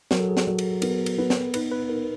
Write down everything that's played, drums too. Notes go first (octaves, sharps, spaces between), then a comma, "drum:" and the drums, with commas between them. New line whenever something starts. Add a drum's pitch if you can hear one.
F#3 A#4, drum: snare
A4
G#4
A4, drum: snare
F#3
drum: cymbal
B3 A#4, drum: cymbal
drum: cymbal
B3 B4
drum: snare
D#4 B4, drum: cymbal
B4
D#4 A#4